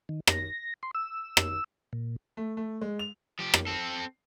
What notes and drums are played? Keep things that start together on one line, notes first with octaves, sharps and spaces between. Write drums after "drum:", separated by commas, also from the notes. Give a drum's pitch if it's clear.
D#3
A#6, drum: rim click
C6
E6
drum: rim click
A#2
A3
A3
G#3
F7
F3 G4
drum: rim click
C4 A4